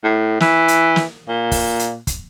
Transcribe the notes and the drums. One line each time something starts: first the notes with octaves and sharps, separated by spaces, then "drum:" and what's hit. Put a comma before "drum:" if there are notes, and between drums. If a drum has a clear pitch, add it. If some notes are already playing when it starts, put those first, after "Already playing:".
A2
E3, drum: snare
drum: hi-hat
drum: snare
A#2
drum: kick, open hi-hat
drum: hi-hat
drum: kick, hi-hat